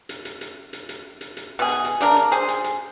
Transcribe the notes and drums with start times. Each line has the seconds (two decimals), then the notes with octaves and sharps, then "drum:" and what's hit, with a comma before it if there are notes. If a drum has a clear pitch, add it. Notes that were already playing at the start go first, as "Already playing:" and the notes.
0.09 drum: hi-hat
0.25 drum: hi-hat
0.41 drum: hi-hat
0.73 drum: hi-hat
0.89 drum: hi-hat
1.21 drum: hi-hat
1.37 drum: hi-hat
1.59 B2 G#4
1.69 drum: hi-hat
1.85 drum: hi-hat
2.00 C#3 D4 A#4, drum: hi-hat
2.16 drum: hi-hat
2.32 G#4 C5, drum: hi-hat
2.48 drum: hi-hat
2.64 drum: hi-hat